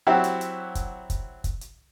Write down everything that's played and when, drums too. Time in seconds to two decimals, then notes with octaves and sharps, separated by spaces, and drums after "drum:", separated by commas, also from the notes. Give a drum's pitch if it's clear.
0.07 F#3 C4 E4 F#4 G4
0.24 drum: hi-hat
0.41 drum: hi-hat
0.75 drum: kick, hi-hat
1.10 drum: kick, hi-hat
1.44 drum: kick, hi-hat
1.61 drum: hi-hat